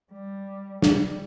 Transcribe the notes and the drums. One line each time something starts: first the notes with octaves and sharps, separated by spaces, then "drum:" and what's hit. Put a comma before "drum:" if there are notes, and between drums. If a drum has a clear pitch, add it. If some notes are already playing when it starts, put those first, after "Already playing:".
G3
G3, drum: snare